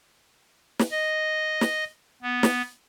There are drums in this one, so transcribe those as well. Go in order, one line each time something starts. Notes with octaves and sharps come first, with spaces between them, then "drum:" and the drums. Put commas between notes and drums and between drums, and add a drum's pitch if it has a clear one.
drum: snare
D#5
drum: snare
B3
drum: snare